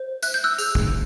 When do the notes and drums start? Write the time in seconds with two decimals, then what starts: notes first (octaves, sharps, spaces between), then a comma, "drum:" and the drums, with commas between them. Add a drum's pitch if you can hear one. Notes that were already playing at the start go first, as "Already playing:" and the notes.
Already playing: C5
0.23 E5 F#6, drum: tambourine
0.34 G6
0.44 E6 F#6
0.58 G#4, drum: tambourine
0.75 drum: kick